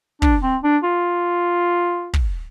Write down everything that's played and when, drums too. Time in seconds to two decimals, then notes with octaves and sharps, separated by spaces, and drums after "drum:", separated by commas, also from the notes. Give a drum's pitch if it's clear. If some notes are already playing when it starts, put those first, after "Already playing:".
0.22 D4, drum: kick
0.43 C4
0.63 D4
0.83 F4
2.14 drum: kick